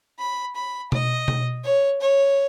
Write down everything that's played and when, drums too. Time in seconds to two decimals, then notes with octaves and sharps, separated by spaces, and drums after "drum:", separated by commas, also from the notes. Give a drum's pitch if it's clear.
0.19 B5
0.56 B5
0.92 D#5, drum: tom B2
1.28 drum: tom B2
1.64 C#5
2.01 C#5